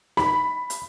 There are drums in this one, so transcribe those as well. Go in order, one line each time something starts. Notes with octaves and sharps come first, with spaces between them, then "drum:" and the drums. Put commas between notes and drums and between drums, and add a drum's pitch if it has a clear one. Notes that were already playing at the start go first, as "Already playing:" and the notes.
B5, drum: snare
drum: hi-hat